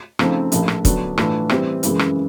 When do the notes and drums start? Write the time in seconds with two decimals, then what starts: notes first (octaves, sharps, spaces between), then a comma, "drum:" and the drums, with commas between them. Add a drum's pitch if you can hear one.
0.19 C#3 F3 A3 C4 D#4, drum: rim click
0.52 A#1 A2 F3, drum: hi-hat
0.68 drum: rim click
0.85 D3 F#3 B3 D4, drum: kick, hi-hat
1.18 A2 E3 A3 D4 F4, drum: rim click
1.49 E3 G3 C4 E4, drum: rim click
1.83 F#2 C#3 E3 G#3, drum: hi-hat
1.99 drum: rim click